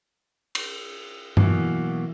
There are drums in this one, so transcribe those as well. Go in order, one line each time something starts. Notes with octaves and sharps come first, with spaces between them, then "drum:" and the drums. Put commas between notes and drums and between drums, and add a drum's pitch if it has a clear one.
drum: cymbal
B2 E3 F#3 A#3, drum: tom G2